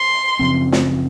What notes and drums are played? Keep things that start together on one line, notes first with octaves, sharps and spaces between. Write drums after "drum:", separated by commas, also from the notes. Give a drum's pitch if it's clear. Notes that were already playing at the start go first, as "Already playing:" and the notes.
Already playing: C6
F#2 C#3 F3 C4
drum: snare